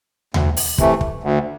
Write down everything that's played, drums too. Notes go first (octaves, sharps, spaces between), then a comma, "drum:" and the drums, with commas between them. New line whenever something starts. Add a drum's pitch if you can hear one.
D2, drum: tom D#2
drum: open hi-hat
C3 E3 A3, drum: kick
drum: kick
D2